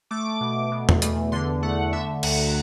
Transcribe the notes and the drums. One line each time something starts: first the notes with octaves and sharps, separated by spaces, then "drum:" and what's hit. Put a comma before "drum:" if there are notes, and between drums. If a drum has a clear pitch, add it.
A3 D6
B2
B2
drum: tom
E2, drum: hi-hat
D3 C6
A3 F#5
D3 E5
D2 F#5, drum: cymbal